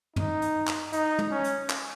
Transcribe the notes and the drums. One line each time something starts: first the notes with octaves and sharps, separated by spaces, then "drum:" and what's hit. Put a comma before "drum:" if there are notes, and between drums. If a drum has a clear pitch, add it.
D#4, drum: tom G2
drum: hi-hat
drum: clap
D#4, drum: hi-hat
drum: tom
C#4
drum: hi-hat
drum: clap